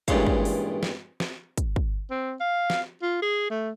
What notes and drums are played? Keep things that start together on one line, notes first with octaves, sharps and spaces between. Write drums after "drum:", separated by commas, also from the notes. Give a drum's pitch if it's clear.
A1 G2 A#2 G#3 C#5 F5, drum: kick, hi-hat
drum: kick
drum: open hi-hat
drum: snare
drum: snare
drum: kick, hi-hat
drum: kick
C4
F5
drum: snare
F4
G#4
A3